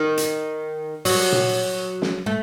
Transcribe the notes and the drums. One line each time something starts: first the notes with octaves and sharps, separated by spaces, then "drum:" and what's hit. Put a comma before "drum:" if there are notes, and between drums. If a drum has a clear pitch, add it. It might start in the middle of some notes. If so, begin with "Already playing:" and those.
Already playing: D#3
drum: hi-hat
F#3, drum: open hi-hat
drum: tom A#2
drum: snare
A3